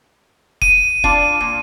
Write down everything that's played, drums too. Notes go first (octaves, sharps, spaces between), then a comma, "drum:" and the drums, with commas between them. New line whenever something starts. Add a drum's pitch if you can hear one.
D#7, drum: kick
D4 F4 F5, drum: kick
A#2